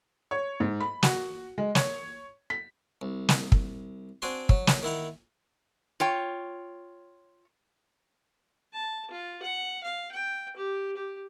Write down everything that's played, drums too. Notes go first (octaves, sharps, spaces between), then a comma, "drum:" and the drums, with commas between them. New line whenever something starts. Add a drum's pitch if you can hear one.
C#5
G#2
B5
F#4, drum: snare
G#3
C#5, drum: snare
B6
C2
drum: snare
drum: kick
C4 D4 F#4 G5 G#5 C6
F#3, drum: kick
drum: snare
D#3 E4 F#5 A#5
F4 C#5 G5
A5
F4
F#5
F5
G5
G4
G4